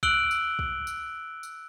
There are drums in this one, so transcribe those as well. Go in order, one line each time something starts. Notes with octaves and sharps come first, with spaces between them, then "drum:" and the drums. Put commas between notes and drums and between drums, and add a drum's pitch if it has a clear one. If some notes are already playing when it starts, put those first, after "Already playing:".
E6 F#6 D7 F#7 G7, drum: kick
drum: tambourine
drum: kick
drum: tambourine
drum: tambourine